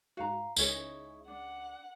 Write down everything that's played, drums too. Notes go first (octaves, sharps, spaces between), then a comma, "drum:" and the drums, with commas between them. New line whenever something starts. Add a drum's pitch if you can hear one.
G#2 F#4 F5 A#5
C#2 C#4 D#4 E4 G#4 C#5, drum: tambourine
D4 F#5